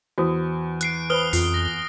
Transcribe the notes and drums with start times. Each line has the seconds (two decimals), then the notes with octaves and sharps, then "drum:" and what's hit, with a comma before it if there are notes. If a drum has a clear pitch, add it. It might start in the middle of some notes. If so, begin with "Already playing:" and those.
0.18 E2 F#4 C5 D#6
0.81 F#6 C7 D7, drum: hi-hat
1.10 B4 C5 B5 D#6 F6 G7
1.33 F2 F4 C7, drum: open hi-hat
1.54 A#6